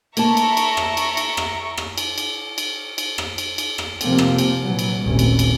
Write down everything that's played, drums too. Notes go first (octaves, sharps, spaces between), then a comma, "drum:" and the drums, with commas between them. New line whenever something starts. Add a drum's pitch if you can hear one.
A#3 E5 A5 A#5 C#6, drum: cymbal
drum: cymbal
drum: cymbal
drum: rim click
drum: cymbal
drum: cymbal
drum: rim click
drum: rim click
drum: cymbal
drum: cymbal
drum: cymbal
drum: cymbal
drum: rim click
drum: cymbal
drum: cymbal
drum: rim click
C3 F3 A#3 C4, drum: cymbal
drum: rim click
drum: cymbal
A#2 E3 F#3
drum: cymbal
G#1 D#2 A#2 E3 A3 C#4
drum: cymbal
drum: cymbal